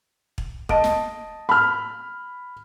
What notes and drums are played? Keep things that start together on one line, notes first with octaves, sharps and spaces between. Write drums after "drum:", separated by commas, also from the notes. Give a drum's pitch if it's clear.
drum: kick
D#5 A5 D7, drum: kick
drum: snare
B5 F6